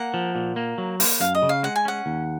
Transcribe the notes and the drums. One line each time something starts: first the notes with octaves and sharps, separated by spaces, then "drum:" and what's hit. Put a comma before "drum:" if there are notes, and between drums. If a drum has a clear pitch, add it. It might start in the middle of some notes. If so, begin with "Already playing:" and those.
Already playing: A#3 F#5
F3
A#2
A#3
F#3
A#3, drum: open hi-hat
F#2 F5
D#5
C#3
F5
G#3 F#5
G#5
C#4 F#5
D#2